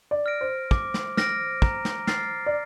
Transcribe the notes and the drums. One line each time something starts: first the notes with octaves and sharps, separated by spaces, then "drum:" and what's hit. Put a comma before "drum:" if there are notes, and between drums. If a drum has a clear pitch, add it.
D5
F6 A#6 D7
C5
D6, drum: kick
drum: snare
F6 A#6 D7, drum: snare
A#5, drum: kick
drum: snare
F6 A6 C7, drum: snare
D5